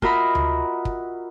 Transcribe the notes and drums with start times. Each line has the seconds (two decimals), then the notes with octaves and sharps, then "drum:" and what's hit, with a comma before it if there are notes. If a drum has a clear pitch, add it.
0.02 F4 F#4 A#4 D#5 E5 B5, drum: kick
0.35 drum: tom D2
0.85 drum: kick